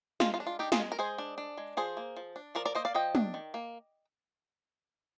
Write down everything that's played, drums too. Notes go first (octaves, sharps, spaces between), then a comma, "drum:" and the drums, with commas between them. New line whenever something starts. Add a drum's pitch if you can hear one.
G#3 F4, drum: snare
F4
D4
F4
D4 D#4 G4
F4 G#4, drum: snare
G#3
A#4
G#3 G#4 C5
D4
D4
G#3
F3 G#4 C5
A#3
F3
D4
F3 A#4 D5
A#4 D5
A#3 C5 D#5
D5 F5
F3 D#5 G5
D4, drum: tom
D#3
A#3